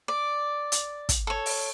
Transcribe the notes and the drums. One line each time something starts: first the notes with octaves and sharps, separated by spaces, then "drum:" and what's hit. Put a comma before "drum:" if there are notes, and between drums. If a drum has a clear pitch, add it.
D5
drum: hi-hat
drum: kick, hi-hat
A4 C#5
drum: open hi-hat